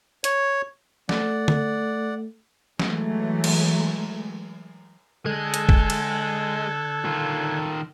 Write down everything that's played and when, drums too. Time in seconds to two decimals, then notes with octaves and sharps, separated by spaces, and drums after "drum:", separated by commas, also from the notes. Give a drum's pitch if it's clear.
0.24 C#5, drum: hi-hat
1.09 A3 D5 F#5, drum: snare
1.48 drum: tom D3
2.79 E3 F#3 G#3 A3, drum: snare
3.44 drum: cymbal
5.26 D3 G#3 A4 F#6 G#6
5.54 drum: hi-hat
5.69 drum: kick
5.90 drum: cymbal
7.05 D#3 F4